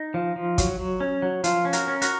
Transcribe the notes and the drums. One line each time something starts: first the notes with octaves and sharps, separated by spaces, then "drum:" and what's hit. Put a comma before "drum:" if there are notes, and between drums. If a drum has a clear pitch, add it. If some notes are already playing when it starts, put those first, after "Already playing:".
Already playing: D#4
F3
F3
F#3, drum: kick, hi-hat
F#3
C#4
F#3
F3 F4, drum: hi-hat
C#4
F#4 A#4, drum: hi-hat
C#4
F#4 A#4, drum: hi-hat